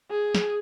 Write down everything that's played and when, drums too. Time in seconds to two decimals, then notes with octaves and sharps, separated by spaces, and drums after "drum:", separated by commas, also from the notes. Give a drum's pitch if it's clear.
0.11 G#4
0.35 drum: snare